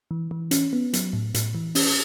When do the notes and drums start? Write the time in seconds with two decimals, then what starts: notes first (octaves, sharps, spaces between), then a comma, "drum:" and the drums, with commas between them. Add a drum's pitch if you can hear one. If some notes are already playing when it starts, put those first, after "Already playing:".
0.11 E3
0.31 E3
0.51 C#4, drum: hi-hat
0.73 B3
0.93 F#3, drum: hi-hat
1.13 A2
1.34 A2, drum: hi-hat
1.55 E3
1.75 C#4, drum: open hi-hat